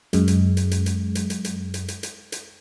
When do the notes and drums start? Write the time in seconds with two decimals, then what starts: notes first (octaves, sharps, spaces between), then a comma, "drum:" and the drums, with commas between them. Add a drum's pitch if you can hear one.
0.13 F#2 G#3, drum: hi-hat
0.28 drum: hi-hat
0.57 drum: hi-hat
0.71 drum: hi-hat
0.86 drum: hi-hat
1.15 drum: hi-hat
1.30 drum: hi-hat
1.45 drum: hi-hat
1.74 drum: hi-hat
1.88 drum: hi-hat
2.03 drum: hi-hat
2.32 drum: hi-hat